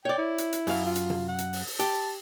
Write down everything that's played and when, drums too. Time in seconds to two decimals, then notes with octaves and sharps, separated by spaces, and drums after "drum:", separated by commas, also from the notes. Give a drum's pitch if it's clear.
0.05 C#5 D5 G5
0.18 E4
0.38 drum: hi-hat
0.53 drum: hi-hat
0.67 F#2 F5, drum: open hi-hat
0.86 F4
0.96 drum: hi-hat
1.10 drum: tom C3
1.29 F#5
1.38 drum: hi-hat
1.53 drum: open hi-hat
1.67 drum: open hi-hat
1.79 G4 A5, drum: hi-hat